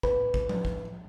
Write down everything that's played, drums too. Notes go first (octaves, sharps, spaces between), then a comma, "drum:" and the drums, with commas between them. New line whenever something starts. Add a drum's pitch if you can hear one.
B4, drum: kick G1
drum: kick G1
drum: tom F3
drum: kick G1